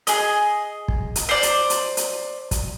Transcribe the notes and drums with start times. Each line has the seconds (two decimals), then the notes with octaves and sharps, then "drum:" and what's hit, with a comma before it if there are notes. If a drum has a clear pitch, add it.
0.07 G#4 D#5, drum: hi-hat
0.88 drum: kick
1.16 drum: hi-hat
1.29 C5 D5
1.43 drum: hi-hat
1.70 drum: hi-hat
1.97 drum: hi-hat
2.51 drum: kick, hi-hat